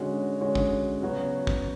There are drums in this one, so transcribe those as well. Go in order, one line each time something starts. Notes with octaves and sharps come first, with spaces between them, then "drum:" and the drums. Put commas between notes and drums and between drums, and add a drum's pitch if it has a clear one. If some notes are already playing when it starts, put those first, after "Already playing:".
Already playing: D3 G#3 C#4 F#4 C#5
D3 G#3 C#4 F#4 C#5
drum: kick
C#3 F#3 B3 F#4 C#5
drum: kick